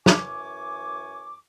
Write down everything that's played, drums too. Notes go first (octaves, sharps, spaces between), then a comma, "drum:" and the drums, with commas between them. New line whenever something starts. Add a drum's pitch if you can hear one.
F#2 E3 G#5 C#6 D6, drum: snare